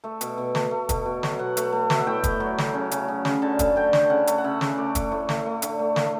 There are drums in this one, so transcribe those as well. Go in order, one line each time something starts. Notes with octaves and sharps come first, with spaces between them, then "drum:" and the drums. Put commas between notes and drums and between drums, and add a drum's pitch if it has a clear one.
A3 E5
B2, drum: hi-hat
B2
A3, drum: snare
A3
B2, drum: kick, hi-hat
B2
F#3, drum: snare
B2 F#5
A3, drum: hi-hat
A3
B2 E5, drum: snare
F#5
A2 G5
A2, drum: kick, hi-hat
F#3
F#3, drum: snare
C#3
C#3, drum: hi-hat
C#3
C#3, drum: snare
D3 A5
A3, drum: kick, hi-hat
D3 G5
D3, drum: snare
C#3 F#5
A3, drum: hi-hat
F#5
C#3 E5
C#3, drum: snare
A3 D5
A3, drum: kick, hi-hat
A2
A3, drum: snare
A3
D3, drum: hi-hat
A3
A3, drum: snare